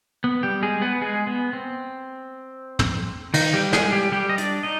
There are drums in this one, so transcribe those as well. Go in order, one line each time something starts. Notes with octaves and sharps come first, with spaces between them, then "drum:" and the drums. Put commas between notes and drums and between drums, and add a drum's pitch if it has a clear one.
B3
G3 G4
G#3 G#4
B3 B4
G#3 G#4
B3
C4
drum: tom
D#3 D#4, drum: cymbal
G3 G4
G#3 G#4, drum: snare
G3 G4
G3 G4
D#5
D4 D5, drum: hi-hat
D#4 D#5